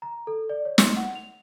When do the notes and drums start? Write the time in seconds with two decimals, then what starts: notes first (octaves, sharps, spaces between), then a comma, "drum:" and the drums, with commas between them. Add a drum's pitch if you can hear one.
0.02 A#5
0.27 A4
0.49 D5
0.65 C#5
0.78 C6, drum: snare
0.97 F#5
1.16 F7